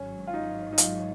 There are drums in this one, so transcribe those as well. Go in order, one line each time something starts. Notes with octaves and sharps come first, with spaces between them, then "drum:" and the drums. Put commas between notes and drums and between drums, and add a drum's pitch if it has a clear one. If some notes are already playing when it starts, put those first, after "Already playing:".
Already playing: G#1 G#2 F#3 C#4
F4
D#4
D#4
F4, drum: hi-hat